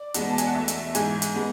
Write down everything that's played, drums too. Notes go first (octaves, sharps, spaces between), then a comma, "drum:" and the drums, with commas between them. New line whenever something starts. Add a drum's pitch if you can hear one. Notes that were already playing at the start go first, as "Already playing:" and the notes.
Already playing: D5
E2 B2 G#3 B3, drum: hi-hat
A5
G#5, drum: hi-hat
F#5
E2 B2 A3 E5
drum: hi-hat
G#2 E3 G#3 G#5, drum: hi-hat
drum: hi-hat
G#3 B3